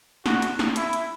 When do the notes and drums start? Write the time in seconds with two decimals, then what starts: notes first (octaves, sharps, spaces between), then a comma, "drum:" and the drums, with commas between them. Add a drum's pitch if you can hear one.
0.26 F#4, drum: snare
0.42 drum: hi-hat
0.59 drum: snare
0.76 E4, drum: hi-hat
0.93 drum: hi-hat